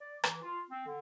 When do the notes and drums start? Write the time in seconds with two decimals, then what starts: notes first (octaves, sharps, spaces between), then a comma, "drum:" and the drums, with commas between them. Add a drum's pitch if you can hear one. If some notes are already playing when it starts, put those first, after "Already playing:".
0.01 D5
0.24 E3, drum: rim click
0.43 F4
0.70 C4
0.86 D3